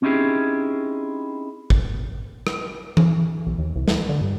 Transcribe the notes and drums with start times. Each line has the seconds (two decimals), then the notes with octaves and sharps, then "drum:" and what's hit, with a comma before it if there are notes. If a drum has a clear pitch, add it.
0.02 C4 C#4 D#4 E4 G4 G#4
1.70 drum: kick
2.47 drum: rim click
2.97 drum: tom E3
3.46 B1
3.58 D#2
3.76 C2
3.88 E3, drum: snare
4.09 D3
4.21 G2